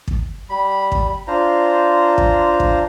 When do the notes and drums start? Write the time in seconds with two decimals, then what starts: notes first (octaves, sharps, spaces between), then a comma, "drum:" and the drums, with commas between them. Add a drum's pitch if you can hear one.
0.08 drum: kick
0.50 G3 B5
0.92 drum: kick
1.27 D4 F4 C5 A#5
2.18 drum: kick
2.60 drum: kick